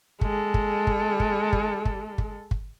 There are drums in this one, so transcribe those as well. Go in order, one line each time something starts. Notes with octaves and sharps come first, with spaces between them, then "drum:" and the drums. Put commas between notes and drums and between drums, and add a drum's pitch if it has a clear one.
G#3 A4, drum: kick
drum: kick
drum: kick
drum: kick
drum: kick
drum: kick
drum: kick
drum: kick